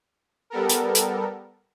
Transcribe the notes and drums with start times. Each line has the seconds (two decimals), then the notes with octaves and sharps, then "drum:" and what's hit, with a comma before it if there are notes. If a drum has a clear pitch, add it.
0.50 G3 B3 A4 A#4
0.69 drum: hi-hat
0.95 drum: hi-hat